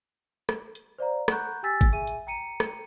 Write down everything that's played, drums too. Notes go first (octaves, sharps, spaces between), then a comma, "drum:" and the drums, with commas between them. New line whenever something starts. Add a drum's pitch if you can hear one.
drum: rim click
drum: hi-hat
C5 D5 F5 A#5
F#5 A#5 B5 C#6 F#6 G6, drum: rim click
G4 G5 G#5 E6 A6 B6
drum: kick, hi-hat
G#4 E5 G#5 D#7
drum: hi-hat
G5 A#5 C#7 D#7
drum: rim click